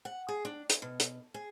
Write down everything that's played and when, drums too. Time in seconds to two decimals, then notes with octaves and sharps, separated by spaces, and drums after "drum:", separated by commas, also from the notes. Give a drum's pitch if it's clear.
0.05 F#5
0.29 G#4
0.45 D4
0.69 D2, drum: hi-hat
0.82 B2
0.99 drum: hi-hat
1.34 G#4